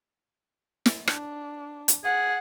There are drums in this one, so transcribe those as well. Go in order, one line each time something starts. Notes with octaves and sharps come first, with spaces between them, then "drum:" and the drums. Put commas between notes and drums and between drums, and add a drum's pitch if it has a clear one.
drum: snare
D4, drum: rim click
drum: hi-hat
G#4 F#5